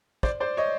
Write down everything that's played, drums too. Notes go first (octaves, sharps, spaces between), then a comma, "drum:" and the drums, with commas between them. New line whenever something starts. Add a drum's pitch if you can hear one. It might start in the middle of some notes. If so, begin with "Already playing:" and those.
C5 D5, drum: kick
C5 D5
C#5 D#5